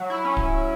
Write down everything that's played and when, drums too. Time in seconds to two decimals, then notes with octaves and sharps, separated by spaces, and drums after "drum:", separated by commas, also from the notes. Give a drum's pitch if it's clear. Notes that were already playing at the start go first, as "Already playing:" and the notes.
Already playing: F#3
0.10 E4
0.25 C#4
0.37 drum: kick D1